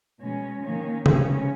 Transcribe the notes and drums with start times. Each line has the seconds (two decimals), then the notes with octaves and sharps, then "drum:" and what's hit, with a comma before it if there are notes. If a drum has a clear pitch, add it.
0.20 B2 G#3 C#4
0.62 D#3 A#3 C#4
1.06 C#3 G#3 C#4, drum: tom